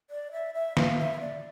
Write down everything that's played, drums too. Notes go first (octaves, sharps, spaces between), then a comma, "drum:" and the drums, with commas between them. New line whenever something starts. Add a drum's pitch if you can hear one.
D5
E5
E5
F5, drum: snare
E5
D5